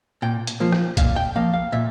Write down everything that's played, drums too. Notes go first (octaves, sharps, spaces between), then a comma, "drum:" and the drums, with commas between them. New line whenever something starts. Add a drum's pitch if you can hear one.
A#2 G5
drum: hi-hat
F3 A#3
drum: rim click
A#2 F5, drum: kick, hi-hat
G5
F3 A#3 F5
F5
A#2 E5